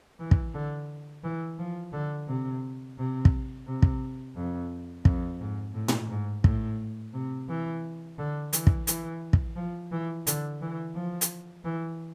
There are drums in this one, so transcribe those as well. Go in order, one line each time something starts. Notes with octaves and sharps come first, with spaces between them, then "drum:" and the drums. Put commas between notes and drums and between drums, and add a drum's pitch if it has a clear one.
E3
drum: kick
D3
E3
F3
D3
C3
C3
drum: kick
C3
drum: kick
F2
F2, drum: kick
G#2
A2
drum: tom A2
G#2
A2, drum: kick
C3
E3
D3
E3, drum: hi-hat
drum: kick
E3, drum: hi-hat
drum: kick
F3
E3
D3, drum: hi-hat
E3
F3
drum: hi-hat
E3